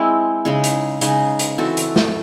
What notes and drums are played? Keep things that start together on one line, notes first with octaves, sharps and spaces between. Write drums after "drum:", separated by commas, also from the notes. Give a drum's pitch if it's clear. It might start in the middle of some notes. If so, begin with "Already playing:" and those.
Already playing: G#3 C4 E4
C#3 G#3 D#4 G#4
drum: hi-hat
C#3 G#3 D#4 G#4, drum: hi-hat
drum: hi-hat
E3 C4 F#4 A4
drum: hi-hat
drum: snare